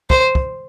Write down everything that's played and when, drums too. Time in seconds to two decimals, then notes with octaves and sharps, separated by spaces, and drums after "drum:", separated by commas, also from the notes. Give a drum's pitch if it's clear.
0.10 C5, drum: kick
0.35 drum: kick